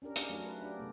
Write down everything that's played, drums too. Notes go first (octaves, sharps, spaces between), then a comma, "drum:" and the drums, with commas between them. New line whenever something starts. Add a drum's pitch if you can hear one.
C#4 D4 G4 A#4
D4 D#4 G#4 F5, drum: hi-hat
F#3 A3 D4 A#4 F5
B4
D4 G4
C3 A3 B3